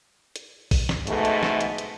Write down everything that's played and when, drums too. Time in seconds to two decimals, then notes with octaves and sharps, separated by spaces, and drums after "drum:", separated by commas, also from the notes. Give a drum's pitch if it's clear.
0.36 drum: hi-hat
0.71 drum: kick, open hi-hat
0.89 drum: snare
1.07 G#2 B2 A3, drum: hi-hat
1.25 drum: hi-hat
1.43 drum: snare
1.61 drum: hi-hat
1.78 drum: hi-hat